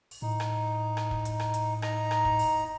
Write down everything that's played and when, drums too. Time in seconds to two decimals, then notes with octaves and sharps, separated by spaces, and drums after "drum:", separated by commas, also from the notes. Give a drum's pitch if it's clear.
0.11 drum: open hi-hat
0.22 A2 D#4
0.40 drum: rim click
0.97 drum: rim click
1.11 drum: kick
1.25 drum: hi-hat
1.40 drum: rim click
1.54 drum: hi-hat
1.82 D#4 A#5, drum: rim click
2.11 drum: rim click
2.25 drum: kick
2.39 drum: open hi-hat